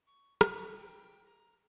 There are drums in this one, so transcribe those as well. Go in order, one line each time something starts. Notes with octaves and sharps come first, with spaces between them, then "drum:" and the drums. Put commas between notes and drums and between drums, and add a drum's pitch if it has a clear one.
C#6
C#6, drum: rim click
G5
A#5